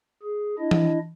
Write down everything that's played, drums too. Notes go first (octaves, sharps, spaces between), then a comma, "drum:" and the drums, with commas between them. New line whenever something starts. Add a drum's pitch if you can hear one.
G#4
D4 E4 D#5
drum: tom E3